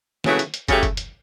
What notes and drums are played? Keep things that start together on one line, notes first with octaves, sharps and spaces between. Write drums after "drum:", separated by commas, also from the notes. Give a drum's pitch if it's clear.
C#3 F#3 A3 E4 B4, drum: snare
drum: hi-hat
drum: hi-hat
C#3 F#3 A3 C#4 G4, drum: kick, hi-hat
drum: kick, hi-hat
drum: hi-hat